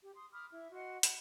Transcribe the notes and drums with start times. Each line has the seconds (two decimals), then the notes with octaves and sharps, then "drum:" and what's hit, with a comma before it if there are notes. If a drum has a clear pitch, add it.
0.03 G4
0.15 C6 D#6
0.32 B5 D6 D#6 F6
0.52 E4 E5
0.73 F#4 D#5 F#5 C6
1.03 F#5 B5, drum: hi-hat